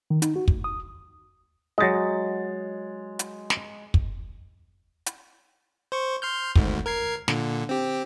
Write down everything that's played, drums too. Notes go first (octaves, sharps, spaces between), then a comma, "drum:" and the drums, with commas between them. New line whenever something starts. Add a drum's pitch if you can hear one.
D#3
D#4, drum: hi-hat
F#4
D2, drum: kick
D#6
F#3 G#3 D#5 A6
drum: hi-hat
drum: snare
drum: kick
drum: hi-hat
C5 C#6
C6 F6 G6
G#1 D2 G#2, drum: kick
A#4 G#6 C7
A#2 D3, drum: snare
C4 G4